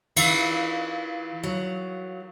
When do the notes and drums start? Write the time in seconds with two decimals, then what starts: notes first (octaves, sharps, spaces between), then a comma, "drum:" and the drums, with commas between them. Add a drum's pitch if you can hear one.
0.16 E3, drum: cymbal
1.43 F#3